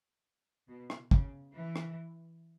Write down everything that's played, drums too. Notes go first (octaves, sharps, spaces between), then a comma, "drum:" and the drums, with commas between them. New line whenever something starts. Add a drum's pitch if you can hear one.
B2
drum: rim click
C#3, drum: kick
E3
drum: rim click